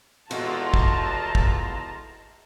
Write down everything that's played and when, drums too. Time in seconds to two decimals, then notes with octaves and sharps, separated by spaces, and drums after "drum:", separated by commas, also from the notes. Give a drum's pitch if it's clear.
0.31 E2 G#3 F4 F#4 A4 A5 A#5, drum: cymbal
0.74 drum: kick
1.35 drum: kick